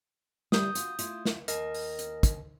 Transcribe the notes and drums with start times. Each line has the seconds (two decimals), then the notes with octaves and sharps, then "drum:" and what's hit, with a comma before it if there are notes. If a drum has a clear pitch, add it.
0.52 G3 E4 D#6 G6, drum: snare
0.75 F4 F#4, drum: hi-hat
0.99 A3 E4 F4, drum: hi-hat
1.25 drum: snare
1.48 D#2 A#4 D#5, drum: hi-hat
1.74 drum: open hi-hat
1.99 drum: hi-hat
2.23 drum: kick, hi-hat